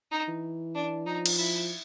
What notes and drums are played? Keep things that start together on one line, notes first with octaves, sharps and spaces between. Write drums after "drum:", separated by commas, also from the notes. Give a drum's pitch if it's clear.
D#4
E3
D4
F3 D#4
drum: cymbal
E4